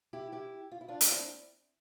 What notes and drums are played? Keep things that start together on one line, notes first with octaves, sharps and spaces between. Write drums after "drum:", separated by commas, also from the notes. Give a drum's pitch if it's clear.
E4 G4
E4 G4
F4
E4
D4 F4
drum: hi-hat
C4 E4